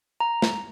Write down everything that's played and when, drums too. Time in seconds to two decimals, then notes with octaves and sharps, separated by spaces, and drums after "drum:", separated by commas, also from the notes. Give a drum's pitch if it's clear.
0.20 A#5
0.42 drum: snare